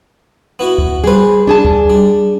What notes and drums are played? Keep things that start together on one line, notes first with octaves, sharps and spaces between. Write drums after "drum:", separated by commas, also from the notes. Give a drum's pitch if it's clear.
B3 E4 F#4
drum: kick D2
G3 G#4 B4 C5
D4 G#4 A5
drum: kick D2
G3